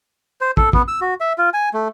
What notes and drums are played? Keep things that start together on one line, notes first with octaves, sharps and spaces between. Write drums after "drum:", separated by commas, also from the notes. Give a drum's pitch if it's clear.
C5
A4, drum: kick
B3, drum: kick
E6
F#4
E5
F4
G#5
A3